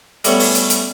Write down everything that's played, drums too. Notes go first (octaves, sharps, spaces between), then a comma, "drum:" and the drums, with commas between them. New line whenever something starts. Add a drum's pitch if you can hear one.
G3 A3 B3 C#4 C#5, drum: hi-hat
drum: open hi-hat
drum: hi-hat
drum: hi-hat